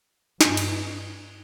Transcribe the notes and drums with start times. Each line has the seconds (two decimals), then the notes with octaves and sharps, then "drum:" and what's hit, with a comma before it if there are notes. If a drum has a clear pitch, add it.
0.41 G2, drum: snare
0.57 drum: cymbal